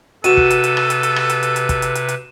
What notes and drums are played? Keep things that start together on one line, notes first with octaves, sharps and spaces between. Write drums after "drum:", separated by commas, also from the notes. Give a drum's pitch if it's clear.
C3 F#4 A4 B4 D#7 E7, drum: hi-hat
drum: kick
drum: hi-hat
drum: hi-hat
drum: rim click
drum: hi-hat
drum: hi-hat
drum: rim click
drum: hi-hat
drum: hi-hat
drum: hi-hat
drum: kick, hi-hat
drum: hi-hat
drum: hi-hat
drum: hi-hat